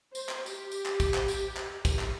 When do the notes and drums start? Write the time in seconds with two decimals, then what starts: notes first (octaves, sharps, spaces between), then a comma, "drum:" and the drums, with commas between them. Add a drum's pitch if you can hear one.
0.15 C5, drum: tambourine
0.29 drum: clap
0.46 G4, drum: tambourine
0.72 drum: tambourine
0.86 drum: clap
1.00 drum: kick, tambourine
1.14 drum: clap
1.28 drum: tambourine
1.57 drum: clap
1.85 drum: kick, tambourine
1.99 drum: clap